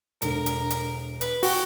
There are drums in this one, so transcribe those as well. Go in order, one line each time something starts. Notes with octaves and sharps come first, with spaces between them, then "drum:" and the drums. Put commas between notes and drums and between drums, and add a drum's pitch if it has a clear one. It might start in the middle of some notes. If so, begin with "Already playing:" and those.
E1 D3 A#4, drum: hi-hat
drum: hi-hat
drum: hi-hat
B4, drum: hi-hat
F#4 G5, drum: open hi-hat